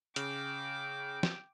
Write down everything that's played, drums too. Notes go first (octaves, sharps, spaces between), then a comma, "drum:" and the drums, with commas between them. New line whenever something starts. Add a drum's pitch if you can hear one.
C#3 G5 D6, drum: hi-hat
drum: snare